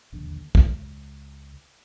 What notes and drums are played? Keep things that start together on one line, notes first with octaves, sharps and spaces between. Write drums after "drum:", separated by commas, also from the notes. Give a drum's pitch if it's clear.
E1 A#1 D#2 D3
C#2, drum: kick